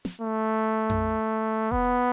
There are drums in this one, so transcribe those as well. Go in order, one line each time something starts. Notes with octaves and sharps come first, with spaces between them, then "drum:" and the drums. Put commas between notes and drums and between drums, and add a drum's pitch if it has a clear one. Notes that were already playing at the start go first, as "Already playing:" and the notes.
drum: snare
A3
drum: tom F2
B3, drum: kick F1